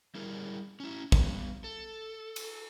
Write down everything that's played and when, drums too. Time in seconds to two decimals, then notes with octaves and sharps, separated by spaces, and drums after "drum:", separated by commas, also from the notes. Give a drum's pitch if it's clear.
0.15 G3 E4 G#4 A#4
0.80 C#4 E4
1.12 G3 B3, drum: kick
1.64 A4
2.36 drum: cymbal